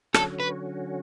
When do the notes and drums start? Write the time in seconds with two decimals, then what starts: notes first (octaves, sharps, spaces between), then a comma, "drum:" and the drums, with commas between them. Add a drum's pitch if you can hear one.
0.14 D3 F#3 C#4 F#4 A4, drum: rim click
0.40 B4